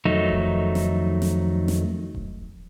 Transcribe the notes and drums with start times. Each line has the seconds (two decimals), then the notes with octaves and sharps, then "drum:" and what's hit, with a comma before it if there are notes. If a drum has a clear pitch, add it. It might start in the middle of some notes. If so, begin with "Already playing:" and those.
0.05 F2 D#3 F#3 A3 D#4
0.29 drum: kick D#1
0.75 drum: snare
1.22 drum: snare
1.68 drum: snare
2.15 drum: kick D#1